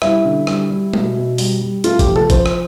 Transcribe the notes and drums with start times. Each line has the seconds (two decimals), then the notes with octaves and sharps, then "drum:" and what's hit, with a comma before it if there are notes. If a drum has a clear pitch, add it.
0.02 G3 E4, drum: rim click
0.25 D3
0.47 G3, drum: rim click
0.70 G3
0.93 B2, drum: tom G#3
1.16 B2
1.38 G3, drum: open hi-hat
1.61 G3
1.84 A3 F4, drum: hi-hat
1.99 G4, drum: kick A1, hi-hat
2.07 F3
2.16 A4, drum: tom
2.30 F3 C5, drum: kick A1, hi-hat
2.46 drum: rim click